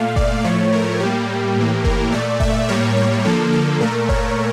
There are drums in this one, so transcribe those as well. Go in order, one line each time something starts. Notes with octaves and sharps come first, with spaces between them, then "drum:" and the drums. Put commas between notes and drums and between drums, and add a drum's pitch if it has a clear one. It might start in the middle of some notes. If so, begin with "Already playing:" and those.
Already playing: A#2 A3 F5
D5, drum: kick F#1
A2 F3 A3 C#5
A#4
A2 G3 A#3 G4
A2 E3 A#3
A#4, drum: kick F#1
A#2 A3 D5
E5, drum: kick F#1
A2 G3 A#3 C#5
C#5
D3 F3 A#3 A4
A4
A#2 A3 A#4
C#5, drum: kick F#1